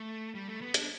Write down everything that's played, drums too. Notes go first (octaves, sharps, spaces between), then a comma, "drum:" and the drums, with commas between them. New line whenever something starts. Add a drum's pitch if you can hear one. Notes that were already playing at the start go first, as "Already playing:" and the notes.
Already playing: A3
G3
A3
B3
D4, drum: hi-hat